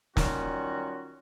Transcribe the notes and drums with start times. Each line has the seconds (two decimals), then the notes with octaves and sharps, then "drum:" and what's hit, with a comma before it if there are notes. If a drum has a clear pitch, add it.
0.17 D#3 F#3 G3 C#4 F4 F#4, drum: snare